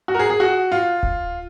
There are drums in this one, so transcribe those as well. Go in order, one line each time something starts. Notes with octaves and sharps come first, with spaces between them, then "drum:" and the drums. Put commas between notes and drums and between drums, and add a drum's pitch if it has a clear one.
F#4
A#4
G#4
G#4
F#4
F4
drum: kick D1